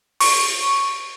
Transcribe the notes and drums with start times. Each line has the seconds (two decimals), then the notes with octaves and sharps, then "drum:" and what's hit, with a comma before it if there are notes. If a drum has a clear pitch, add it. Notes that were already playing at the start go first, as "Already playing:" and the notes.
0.20 C#6, drum: open hi-hat